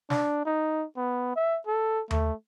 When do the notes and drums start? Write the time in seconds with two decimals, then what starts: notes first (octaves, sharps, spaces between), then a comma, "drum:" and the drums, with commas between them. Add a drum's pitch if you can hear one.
0.10 D4, drum: snare
0.45 D#4
0.97 B3
1.36 E5
1.67 A4
2.11 A3, drum: tom D#2